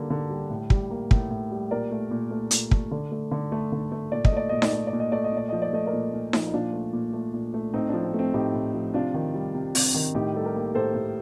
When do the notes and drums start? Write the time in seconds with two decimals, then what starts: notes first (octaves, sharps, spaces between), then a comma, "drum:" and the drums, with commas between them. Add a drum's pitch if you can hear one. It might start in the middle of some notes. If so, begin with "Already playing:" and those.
Already playing: D3 G3 A#3
0.10 D3
0.30 G3
0.50 A2
0.70 G3, drum: kick
0.90 A#3
1.11 A2, drum: kick
1.30 A2
1.51 G3
1.71 A#2 A#4 D5
1.91 A3
2.11 A#2
2.31 A3
2.51 A#2, drum: hi-hat
2.71 A3, drum: kick
2.91 D3
3.11 A3
3.31 D3
3.52 A3
3.72 D3
3.92 A3
4.12 A#2 D5
4.25 D#5, drum: kick
4.32 A3 D5
4.49 A#2 D#5
4.62 D5, drum: snare D#4
4.72 A3 D#5
4.87 D5
4.93 A#2
5.00 D#5
5.12 A3 D5
5.24 D#5
5.33 A#2 D5
5.49 F3 D#5
5.62 D5
5.73 A3 D#5
5.87 A#4 D5
5.93 A#2
6.13 A#2
6.33 F3, drum: snare D#4
6.46 D#4
6.53 A#2 D4 F4
6.73 A3
6.93 A#2
7.13 A3
7.34 A#2
7.54 A3
7.74 A2 C4 D#4
7.89 D4
7.94 F3
8.04 C4
8.14 A3
8.19 C4
8.34 A2 D#4 G4
8.54 A2
8.74 F3
8.94 C3 D4 F4
9.14 D#3
9.34 G3
9.55 C3
9.75 C3, drum: open hi-hat
9.94 D#3
10.15 A2 D#4 G4
10.34 G3 A4
10.45 G4 A#4
10.55 A#3
10.75 A2 A4 C5
10.95 A2